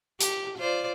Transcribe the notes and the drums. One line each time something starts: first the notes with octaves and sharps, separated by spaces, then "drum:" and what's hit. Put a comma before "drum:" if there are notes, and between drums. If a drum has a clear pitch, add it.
G4, drum: hi-hat
F4 C5 D5